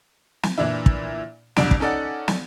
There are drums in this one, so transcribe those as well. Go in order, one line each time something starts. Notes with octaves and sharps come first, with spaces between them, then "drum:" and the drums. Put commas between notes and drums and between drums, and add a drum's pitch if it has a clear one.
drum: snare
A#2 E3 D4 E4
drum: kick
C2 F2 D4 D7, drum: snare
drum: kick
C#4 D#4 A4 D5 F#5
drum: snare